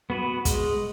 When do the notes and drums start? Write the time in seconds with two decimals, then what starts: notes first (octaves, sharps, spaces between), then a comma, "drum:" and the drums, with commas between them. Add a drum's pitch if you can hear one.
0.10 B3 F#4 B4
0.45 G#3, drum: kick, hi-hat